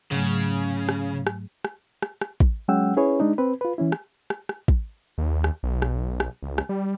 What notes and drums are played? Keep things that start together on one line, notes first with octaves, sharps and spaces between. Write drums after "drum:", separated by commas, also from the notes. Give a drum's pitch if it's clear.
G#2 C#3 F#3 A3
drum: rim click
drum: rim click
drum: rim click
drum: rim click
drum: rim click
drum: kick
F#3 G#3 C#4 F#5 G5 E6
C#4 E4 G#4 B4 C#5
G#3 D4 D#4
C4 B4
F4 B4
E3 C#4 E4
drum: rim click
drum: rim click
drum: rim click
drum: kick
D#2
drum: rim click
B1
drum: rim click
drum: rim click
C#2
drum: rim click
G3